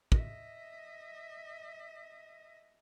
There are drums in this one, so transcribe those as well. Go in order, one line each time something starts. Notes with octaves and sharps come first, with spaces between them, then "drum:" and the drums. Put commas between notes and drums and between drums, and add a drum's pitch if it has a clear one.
D#5 E5, drum: kick